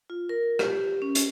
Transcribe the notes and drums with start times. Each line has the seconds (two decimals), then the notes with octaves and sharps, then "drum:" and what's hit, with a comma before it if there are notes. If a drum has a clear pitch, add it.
0.10 F4
0.29 A#4
0.59 G4, drum: rim click
1.02 C#4
1.15 drum: hi-hat